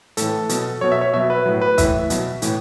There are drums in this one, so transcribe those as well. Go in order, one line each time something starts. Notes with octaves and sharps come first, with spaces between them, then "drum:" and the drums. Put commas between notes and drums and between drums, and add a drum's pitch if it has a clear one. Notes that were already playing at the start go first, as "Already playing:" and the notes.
A2 E3 A4, drum: hi-hat
B2 F#3, drum: hi-hat
B2 F#3 C#5
E5
C#5
B2 F#3 E5
B4
A2 F#3
B4
A2 E3 E5, drum: kick, hi-hat
B2 F#3, drum: hi-hat
A2 E3, drum: hi-hat